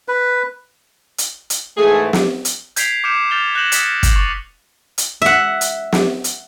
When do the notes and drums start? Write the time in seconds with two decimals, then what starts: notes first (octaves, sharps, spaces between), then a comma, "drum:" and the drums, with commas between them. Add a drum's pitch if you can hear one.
0.08 B4
1.18 drum: hi-hat
1.50 drum: hi-hat
1.77 G#2 E3 A3 G#4
2.13 drum: snare
2.45 drum: hi-hat
2.76 G6 G#6 B6 C7 D7 F7, drum: hi-hat
3.04 D6 F6 G6 C#7 D7 E7
3.31 F6 G6 A6 F7 G7
3.55 F#6 G6 A#6 E7 F#7
3.72 D#6 B6 C#7, drum: hi-hat
4.03 drum: kick, hi-hat
4.14 C#6 A6 F7
4.98 drum: hi-hat
5.22 E5 F#5
5.61 drum: hi-hat
5.92 drum: snare
6.24 drum: hi-hat